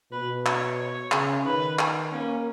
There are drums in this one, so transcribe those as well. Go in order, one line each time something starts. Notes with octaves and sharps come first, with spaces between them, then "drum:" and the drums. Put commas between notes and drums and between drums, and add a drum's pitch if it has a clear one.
B2 B4
C#5, drum: clap
C#5
C#3, drum: clap
D#3 B4
drum: clap
A#3 C#4